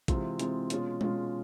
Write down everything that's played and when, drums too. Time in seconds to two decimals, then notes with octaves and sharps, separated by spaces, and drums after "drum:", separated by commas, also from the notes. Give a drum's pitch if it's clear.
0.08 C3 E3 G#3 C4 F4, drum: kick, hi-hat
0.39 C3 E3 G#3 C4 F4, drum: hi-hat
0.70 B2 G#3 C#4 F4, drum: hi-hat
1.01 B2 G#3 C#4 F4, drum: tom G#3